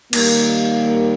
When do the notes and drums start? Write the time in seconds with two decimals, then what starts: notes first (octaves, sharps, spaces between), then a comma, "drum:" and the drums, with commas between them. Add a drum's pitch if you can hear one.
0.13 D#2 D#3 G3 A#3, drum: cymbal